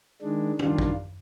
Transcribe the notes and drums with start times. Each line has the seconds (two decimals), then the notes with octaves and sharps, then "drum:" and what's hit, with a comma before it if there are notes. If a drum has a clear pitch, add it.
0.22 D#3 G#3 D4
0.59 D#3 G3 D4 F4, drum: tom D#3
0.78 drum: kick